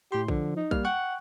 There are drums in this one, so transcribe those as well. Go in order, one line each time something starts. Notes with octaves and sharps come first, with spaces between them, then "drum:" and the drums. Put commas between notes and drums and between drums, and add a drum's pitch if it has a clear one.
A2 G4 C6
D3 F3, drum: kick A#1
D#4
G3 A#3 F6, drum: kick A#1
F#5 G5 C#6 F#6